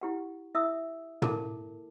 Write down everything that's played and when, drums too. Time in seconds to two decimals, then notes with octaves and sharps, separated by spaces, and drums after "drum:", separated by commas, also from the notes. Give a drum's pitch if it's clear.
0.01 E4 G4 F#5
0.54 E4 E5 D#6 E6
1.22 E4 A4 A#4 A5 D6, drum: tom